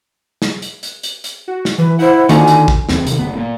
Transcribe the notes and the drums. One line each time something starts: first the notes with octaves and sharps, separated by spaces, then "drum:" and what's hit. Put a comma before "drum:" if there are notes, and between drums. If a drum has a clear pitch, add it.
drum: snare
drum: hi-hat
drum: hi-hat
drum: hi-hat
drum: hi-hat
F#4
drum: snare
E3 B4
E4 C5 F#5
D3 D#3 A#3 F4 F#4 G#5, drum: hi-hat
drum: hi-hat
drum: kick
D1 E2 C4, drum: snare
C3 D#3, drum: hi-hat
F#1 E2 B3
A#2